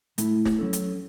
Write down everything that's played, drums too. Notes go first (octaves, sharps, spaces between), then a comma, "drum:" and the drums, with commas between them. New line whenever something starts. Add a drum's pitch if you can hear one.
A2 A3 E4, drum: hi-hat
drum: snare
F#3 C#4 A4
drum: hi-hat